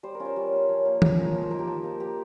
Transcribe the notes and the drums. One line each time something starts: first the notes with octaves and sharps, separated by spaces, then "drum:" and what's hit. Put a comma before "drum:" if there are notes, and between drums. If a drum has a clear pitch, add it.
G3 C5
A#4
C#4 F4
C5
G3
C#4 F4
F3 C#5
A#3 F4
F3, drum: tom D#3
A#3 F4
F3 D#5
C5
A#3 D#4 A#4
G4
F3
A#3 D#4
A#3 G4